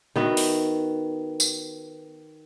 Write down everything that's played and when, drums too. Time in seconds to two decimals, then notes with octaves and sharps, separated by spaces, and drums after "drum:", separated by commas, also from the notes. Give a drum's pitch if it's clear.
0.16 D#3 B3 F#4 E5
0.37 drum: open hi-hat
1.40 drum: tambourine